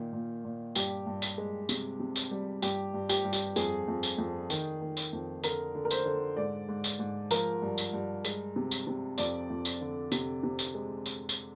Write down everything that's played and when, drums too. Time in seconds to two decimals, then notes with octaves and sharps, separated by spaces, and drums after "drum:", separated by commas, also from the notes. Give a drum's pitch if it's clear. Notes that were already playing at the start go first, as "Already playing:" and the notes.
Already playing: A#2 D#3
0.13 A#2
0.44 A#2
0.75 G2 G4, drum: tambourine
1.06 G2
1.22 drum: tambourine
1.38 G#3
1.69 C3, drum: tambourine
2.00 C3
2.16 drum: tambourine
2.31 G3
2.62 G2 G4, drum: tambourine
2.94 G2
3.09 G4, drum: tambourine
3.25 G2
3.33 G4, drum: tambourine
3.56 F2 G#4, drum: tambourine
3.88 F2
4.03 drum: tambourine
4.18 F2
4.50 D#3, drum: tambourine
4.81 D#3
4.97 drum: tambourine
5.13 F2
5.43 D3 A#4, drum: tambourine
5.75 D3
5.85 A#4
5.91 C5, drum: tambourine
6.06 D3
6.37 G#2 D5
6.69 G#2
6.84 drum: tambourine
6.99 G#2
7.31 F3 A#4, drum: tambourine
7.62 G2
7.78 drum: tambourine
7.93 G2
8.25 G#3, drum: tambourine
8.56 C3
8.71 drum: tambourine
8.87 C3
9.18 F2 D5, drum: tambourine
9.50 F2
9.65 drum: tambourine
9.81 D3
10.12 C3, drum: tambourine
10.44 C3
10.59 drum: tambourine
10.74 G#3
11.06 drum: tambourine
11.29 drum: tambourine